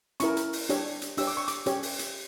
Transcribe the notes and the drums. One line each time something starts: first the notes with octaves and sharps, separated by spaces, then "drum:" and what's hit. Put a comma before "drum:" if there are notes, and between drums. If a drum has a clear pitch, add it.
C#4 E4 A#4 C#6, drum: hi-hat
drum: hi-hat
drum: open hi-hat
D4 G4 C#5, drum: hi-hat
drum: hi-hat
D4 G4 C#5 E6, drum: open hi-hat
D6
C#6
D6, drum: hi-hat
C#4 G4 C#5, drum: hi-hat
drum: open hi-hat
drum: hi-hat